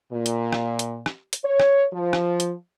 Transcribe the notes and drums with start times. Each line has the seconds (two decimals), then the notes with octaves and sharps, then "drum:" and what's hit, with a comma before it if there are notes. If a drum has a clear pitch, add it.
0.12 A#2
0.26 drum: hi-hat
0.53 drum: rim click
0.79 drum: hi-hat
1.06 drum: rim click
1.33 drum: hi-hat
1.44 C#5
1.60 drum: rim click
1.93 F3
2.13 drum: rim click
2.40 drum: hi-hat